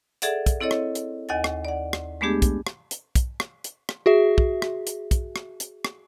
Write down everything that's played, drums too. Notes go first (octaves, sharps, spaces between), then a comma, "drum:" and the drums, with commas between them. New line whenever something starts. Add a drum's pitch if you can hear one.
G#4 A4 D5 E5 F#5, drum: hi-hat
drum: kick, hi-hat
C4 E4 A4 C#5 D#5
drum: rim click
drum: hi-hat
D#2 D#5 F#5 G#5 A6
drum: rim click
D5 F#5
drum: rim click
G#3 A3 B3 D4 G4 G#4
drum: kick, hi-hat
drum: rim click
drum: hi-hat
drum: kick, hi-hat
drum: rim click
drum: hi-hat
drum: rim click
F#4 G#4 E5
drum: kick
drum: rim click
drum: hi-hat
drum: kick, hi-hat
drum: rim click
drum: hi-hat
drum: rim click